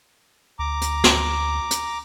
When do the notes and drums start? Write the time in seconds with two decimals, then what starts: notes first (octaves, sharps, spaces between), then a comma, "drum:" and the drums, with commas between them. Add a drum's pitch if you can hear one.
0.59 D2 A#5 D6
0.81 drum: hi-hat
1.04 drum: snare
1.71 drum: hi-hat